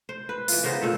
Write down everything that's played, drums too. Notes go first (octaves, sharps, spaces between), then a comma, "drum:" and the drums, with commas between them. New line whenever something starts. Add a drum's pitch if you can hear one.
C5
B4
E3 F4, drum: open hi-hat
C#3 B3 A#4 C5
A#2 A3 A4